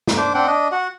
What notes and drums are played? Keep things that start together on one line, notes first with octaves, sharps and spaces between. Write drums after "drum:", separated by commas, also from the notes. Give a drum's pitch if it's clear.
drum: snare
D4 C5 D6
C4 D4 F#5 G5
D4 D#5
F#4 F#5